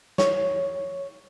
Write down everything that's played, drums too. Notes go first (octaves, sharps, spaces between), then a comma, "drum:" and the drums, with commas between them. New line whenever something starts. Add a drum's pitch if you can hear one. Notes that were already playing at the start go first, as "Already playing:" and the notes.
C#5, drum: snare